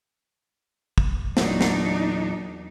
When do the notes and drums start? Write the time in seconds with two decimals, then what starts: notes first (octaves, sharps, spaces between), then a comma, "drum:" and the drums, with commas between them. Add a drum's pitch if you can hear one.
0.98 drum: kick
1.37 E2 A#2 F#3 D4 D#4, drum: snare
1.61 drum: snare